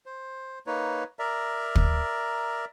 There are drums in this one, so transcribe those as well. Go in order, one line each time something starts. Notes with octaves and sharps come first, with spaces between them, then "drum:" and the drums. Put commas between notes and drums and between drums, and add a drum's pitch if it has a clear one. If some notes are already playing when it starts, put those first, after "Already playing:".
C5
A#3 D#4 B4 C#5
A#4 D5 E5 A#5
drum: kick